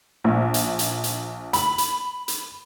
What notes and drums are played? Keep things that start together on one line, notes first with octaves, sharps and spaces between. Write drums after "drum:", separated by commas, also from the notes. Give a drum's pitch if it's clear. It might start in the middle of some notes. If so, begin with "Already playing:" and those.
A#1
drum: hi-hat
drum: hi-hat
drum: hi-hat
B5, drum: hi-hat
drum: hi-hat
drum: hi-hat